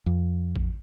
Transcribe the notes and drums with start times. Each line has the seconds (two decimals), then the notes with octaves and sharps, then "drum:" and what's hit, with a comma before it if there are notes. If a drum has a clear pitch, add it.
0.06 F2
0.56 drum: kick A1